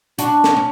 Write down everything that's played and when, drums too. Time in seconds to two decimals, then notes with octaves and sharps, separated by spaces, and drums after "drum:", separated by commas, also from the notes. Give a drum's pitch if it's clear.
0.18 D4 F#4, drum: hi-hat
0.44 drum: snare
0.56 C#4